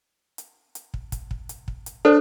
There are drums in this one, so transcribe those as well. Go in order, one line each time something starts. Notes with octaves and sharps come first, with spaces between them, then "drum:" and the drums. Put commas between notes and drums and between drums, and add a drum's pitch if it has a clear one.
drum: hi-hat
drum: hi-hat
drum: kick
drum: kick, hi-hat
drum: kick
drum: hi-hat
drum: kick
drum: hi-hat
D4 A4 C5 C#5